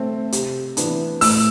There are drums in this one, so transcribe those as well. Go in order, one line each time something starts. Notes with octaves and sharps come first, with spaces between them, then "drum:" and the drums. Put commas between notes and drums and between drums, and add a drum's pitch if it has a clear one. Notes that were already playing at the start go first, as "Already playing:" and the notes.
Already playing: A3 C4
C3, drum: hi-hat
E3 B3 D4, drum: hi-hat
A2 E6, drum: open hi-hat